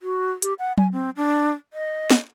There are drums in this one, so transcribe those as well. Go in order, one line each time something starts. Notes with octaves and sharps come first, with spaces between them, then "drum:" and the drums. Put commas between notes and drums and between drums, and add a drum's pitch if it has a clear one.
F#4
G4, drum: hi-hat
F#5
G#5, drum: tom F#3
C4
D4
D#5
drum: snare